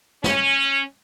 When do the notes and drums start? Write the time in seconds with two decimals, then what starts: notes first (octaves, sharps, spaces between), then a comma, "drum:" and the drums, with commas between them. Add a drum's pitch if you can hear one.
0.24 C#4, drum: snare